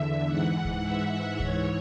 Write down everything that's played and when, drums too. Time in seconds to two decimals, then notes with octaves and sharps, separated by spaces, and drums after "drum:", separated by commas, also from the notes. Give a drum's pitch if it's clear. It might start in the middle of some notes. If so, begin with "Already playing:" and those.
Already playing: E2 D3 E5
0.27 G#2 E3 F#5
0.65 drum: kick C#2
0.83 E5
1.40 G#2 E3 C#5, drum: kick C#2